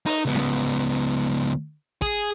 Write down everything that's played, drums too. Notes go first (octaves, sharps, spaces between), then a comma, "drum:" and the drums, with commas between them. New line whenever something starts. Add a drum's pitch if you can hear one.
D#4, drum: open hi-hat
C#2 B3
drum: snare C#4
G#4, drum: kick